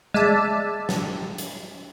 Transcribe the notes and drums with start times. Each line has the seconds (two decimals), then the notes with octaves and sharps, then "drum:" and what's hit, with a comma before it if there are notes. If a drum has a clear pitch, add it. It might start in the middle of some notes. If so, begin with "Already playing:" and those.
0.14 G#3 D5 E5 A5
0.89 drum: snare
1.38 drum: hi-hat